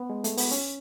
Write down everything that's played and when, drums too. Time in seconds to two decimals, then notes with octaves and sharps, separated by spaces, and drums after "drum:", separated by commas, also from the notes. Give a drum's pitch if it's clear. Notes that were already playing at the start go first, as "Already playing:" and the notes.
Already playing: B3
0.10 G#3
0.24 A3, drum: hi-hat
0.37 B3, drum: open hi-hat
0.51 C#4, drum: hi-hat